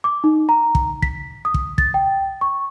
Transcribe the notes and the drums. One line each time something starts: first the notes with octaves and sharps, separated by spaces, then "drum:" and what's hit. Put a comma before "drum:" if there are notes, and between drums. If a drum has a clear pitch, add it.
D6
D#4
A#5
drum: kick
B6, drum: kick
D#6
drum: kick
A6, drum: kick
G5
C#6